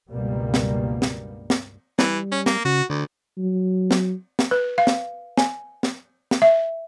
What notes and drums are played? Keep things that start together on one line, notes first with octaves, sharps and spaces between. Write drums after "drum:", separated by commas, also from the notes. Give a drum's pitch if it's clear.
C#2 G2 B2 G3 A#3
drum: snare
drum: snare
drum: snare
E3 G3, drum: snare
C#4
A#3, drum: snare
C#3 F#4
D2 D3
F#3
drum: snare
drum: snare
B4
F5
drum: snare
G#5, drum: snare
drum: snare
drum: snare
E5